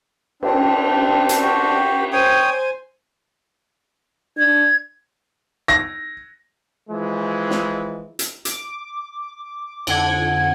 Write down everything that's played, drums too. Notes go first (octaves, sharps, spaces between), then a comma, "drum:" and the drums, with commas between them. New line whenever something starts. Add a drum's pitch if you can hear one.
C4 D4, drum: cymbal
drum: hi-hat
F#4 G4
C5 C#5 G5 G#5 D#6
D4 G#6
A#6
E3 F3 G#3
drum: snare
drum: hi-hat
D6, drum: hi-hat
F2 D3 F#5 G#6, drum: cymbal